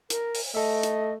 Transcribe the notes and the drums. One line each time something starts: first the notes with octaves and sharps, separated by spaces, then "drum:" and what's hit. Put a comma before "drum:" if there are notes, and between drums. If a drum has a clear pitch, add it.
A#4, drum: hi-hat
drum: open hi-hat
A3 A4 D#5 E5
drum: hi-hat